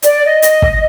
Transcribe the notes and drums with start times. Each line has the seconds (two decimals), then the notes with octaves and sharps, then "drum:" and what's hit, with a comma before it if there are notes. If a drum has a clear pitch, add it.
0.02 D5, drum: hi-hat
0.25 D#5
0.42 drum: hi-hat
0.62 drum: kick